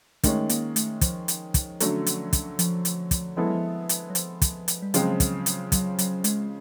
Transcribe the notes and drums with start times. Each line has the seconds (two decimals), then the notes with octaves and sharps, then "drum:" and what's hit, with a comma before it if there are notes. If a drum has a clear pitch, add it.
0.23 D#3 G#3 A3 C#4, drum: kick, hi-hat
0.49 A#3, drum: hi-hat
0.76 A3, drum: hi-hat
1.01 F3, drum: kick, hi-hat
1.28 drum: hi-hat
1.54 drum: kick, hi-hat
1.80 D3 F#3 A3 C#4, drum: hi-hat
2.06 drum: hi-hat
2.33 drum: kick, hi-hat
2.59 F3, drum: hi-hat
2.85 drum: hi-hat
3.11 drum: kick, hi-hat
3.37 F3 G#3 B3 E4 A4
3.46 F#3
3.55 F3
3.89 drum: hi-hat
4.10 F#3
4.15 F3, drum: hi-hat
4.42 drum: kick, hi-hat
4.68 drum: hi-hat
4.82 G3
4.94 C#3 F3 F#3 G#3 C4, drum: hi-hat
5.20 drum: kick, hi-hat
5.46 drum: hi-hat
5.72 F#3, drum: kick, hi-hat
5.99 F#3, drum: hi-hat
6.24 G#3, drum: hi-hat